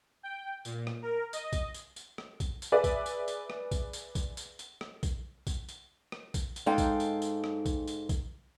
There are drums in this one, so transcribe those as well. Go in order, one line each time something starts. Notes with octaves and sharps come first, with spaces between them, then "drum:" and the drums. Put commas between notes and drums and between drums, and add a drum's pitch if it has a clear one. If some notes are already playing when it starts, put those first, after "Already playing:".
G5
A#2, drum: tambourine
drum: rim click
A#4
D#5, drum: tambourine
drum: kick A#1, tambourine
drum: tambourine
drum: tambourine
drum: rim click
drum: kick A#1, tambourine
drum: tambourine
G#4 B4 D5 E5
drum: kick A#1, tambourine
drum: tambourine
drum: tambourine
drum: rim click
drum: kick A#1, tambourine
drum: tambourine
drum: kick A#1, tambourine
drum: tambourine
drum: tambourine
drum: rim click
drum: kick A#1, tambourine
drum: kick A#1, tambourine
drum: tambourine
drum: rim click
drum: kick A#1, tambourine
drum: tambourine
G#2 G#3 D#4 A4 F5 G5
drum: kick A#1, tambourine
drum: tambourine
drum: tambourine
drum: rim click
drum: kick A#1, tambourine
drum: tambourine
drum: kick A#1, tambourine